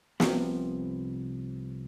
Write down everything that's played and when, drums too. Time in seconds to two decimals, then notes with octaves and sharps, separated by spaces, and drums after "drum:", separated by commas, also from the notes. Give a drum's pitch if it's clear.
0.20 C2 C3 F3 B3, drum: snare